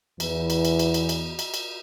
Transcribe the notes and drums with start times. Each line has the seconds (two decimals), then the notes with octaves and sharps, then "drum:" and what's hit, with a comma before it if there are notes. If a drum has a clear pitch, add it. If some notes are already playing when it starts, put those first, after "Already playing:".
0.20 E2 E3, drum: cymbal
0.50 drum: cymbal
0.65 drum: cymbal
0.79 drum: cymbal
0.94 drum: cymbal
1.09 drum: cymbal
1.39 drum: cymbal
1.54 drum: cymbal